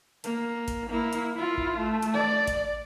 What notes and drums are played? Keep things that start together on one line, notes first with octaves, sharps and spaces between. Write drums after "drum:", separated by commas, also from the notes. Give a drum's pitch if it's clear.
A#3, drum: hi-hat
drum: kick G#1, hi-hat
A#3 E4
drum: hi-hat
E4 F4
drum: kick G#1
A3
drum: hi-hat
D5
drum: kick G#1, hi-hat